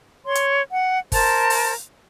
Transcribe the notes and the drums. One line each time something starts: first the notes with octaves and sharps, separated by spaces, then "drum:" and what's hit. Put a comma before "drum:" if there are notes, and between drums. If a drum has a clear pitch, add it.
C#5 C6
drum: hi-hat
F#5
A#4 C5 A5, drum: kick G1, open hi-hat
drum: open hi-hat